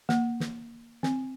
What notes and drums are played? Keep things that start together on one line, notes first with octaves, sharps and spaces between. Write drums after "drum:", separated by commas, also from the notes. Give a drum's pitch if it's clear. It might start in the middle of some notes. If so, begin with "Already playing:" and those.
A#3, drum: snare
drum: snare
C4, drum: snare